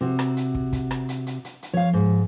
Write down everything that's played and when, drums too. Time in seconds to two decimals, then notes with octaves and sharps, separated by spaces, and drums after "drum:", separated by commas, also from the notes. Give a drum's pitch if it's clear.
0.01 C3 F#4
0.19 drum: rim click
0.37 drum: hi-hat
0.55 drum: kick
0.73 drum: kick, hi-hat
0.91 drum: rim click
1.09 drum: hi-hat
1.27 drum: hi-hat
1.45 drum: hi-hat
1.63 drum: hi-hat
1.74 F3 C#5 F5
1.93 G#2